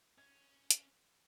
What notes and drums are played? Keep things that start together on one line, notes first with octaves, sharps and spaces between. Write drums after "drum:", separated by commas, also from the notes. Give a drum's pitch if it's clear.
C#4 G#6
drum: hi-hat